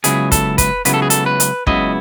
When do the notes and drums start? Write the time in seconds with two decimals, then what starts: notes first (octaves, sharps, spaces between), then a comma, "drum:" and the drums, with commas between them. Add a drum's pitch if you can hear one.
0.04 C#2 C#3 F#3 B3 E4 G#4, drum: hi-hat
0.32 A4, drum: kick, hi-hat
0.58 B4, drum: kick, hi-hat
0.85 C#2 C#3 F#3 B3 E4 B4, drum: hi-hat
0.94 A4
1.02 G#4
1.10 A4, drum: hi-hat
1.26 B4
1.40 drum: hi-hat
1.67 C#2 C#3 F#3 B3 E4 D#5, drum: kick